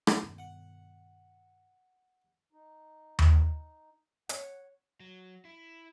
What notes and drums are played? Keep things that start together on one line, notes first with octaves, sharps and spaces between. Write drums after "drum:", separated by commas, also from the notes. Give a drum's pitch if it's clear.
drum: rim click
G2 B2 D#3
F#5
D#4
drum: tom D#2
C#5 F#5, drum: hi-hat
F#3
E4